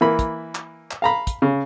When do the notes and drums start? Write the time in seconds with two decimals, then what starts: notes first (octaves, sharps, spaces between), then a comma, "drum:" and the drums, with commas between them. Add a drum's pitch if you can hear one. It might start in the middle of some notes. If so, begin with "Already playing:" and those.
0.01 E3 A#3 B5
0.19 drum: kick, hi-hat
0.55 drum: clap
0.91 drum: clap
1.02 F5 A#5 B5
1.27 drum: kick, hi-hat
1.42 C#3